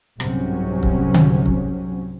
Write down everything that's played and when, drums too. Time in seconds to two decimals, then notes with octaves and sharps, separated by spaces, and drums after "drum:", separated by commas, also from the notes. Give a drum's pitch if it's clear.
0.20 C2 G#2 C3 F#3 C#4, drum: rim click
0.83 drum: kick C#1
1.14 drum: tom D3
1.46 drum: kick C#1